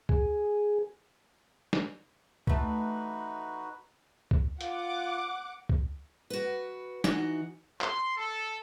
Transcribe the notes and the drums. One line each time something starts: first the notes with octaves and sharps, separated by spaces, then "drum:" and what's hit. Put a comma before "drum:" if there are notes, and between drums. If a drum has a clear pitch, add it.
G#4, drum: kick C#2
drum: snare
E3 A3 D#4 F#4 B4, drum: kick C#2
drum: kick C#2
F4 F#5 D6, drum: hi-hat
drum: kick C#2
F#4 B4
E3 D#4 F#4, drum: snare
C6, drum: clap
A4